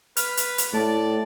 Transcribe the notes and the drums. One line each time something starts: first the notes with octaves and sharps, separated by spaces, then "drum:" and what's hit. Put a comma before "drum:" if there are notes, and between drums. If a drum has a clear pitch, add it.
B4 F6, drum: hi-hat
drum: hi-hat
drum: hi-hat
A2 A3 D5 A5